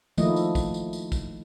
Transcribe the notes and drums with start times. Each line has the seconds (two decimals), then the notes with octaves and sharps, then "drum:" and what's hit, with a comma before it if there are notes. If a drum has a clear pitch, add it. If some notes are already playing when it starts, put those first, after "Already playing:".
0.18 D#3 F3 A3 A#3 E4 D#5, drum: tambourine
0.36 drum: tambourine
0.55 drum: kick, tambourine
0.74 drum: tambourine
0.93 drum: tambourine
1.12 drum: kick, tambourine